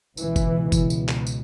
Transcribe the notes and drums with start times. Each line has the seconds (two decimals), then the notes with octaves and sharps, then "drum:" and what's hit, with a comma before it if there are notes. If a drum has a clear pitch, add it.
0.17 C#2 B2 E3, drum: tambourine
0.36 drum: kick, tambourine
0.72 drum: kick, tambourine
0.90 drum: tambourine
1.08 drum: clap
1.27 drum: tambourine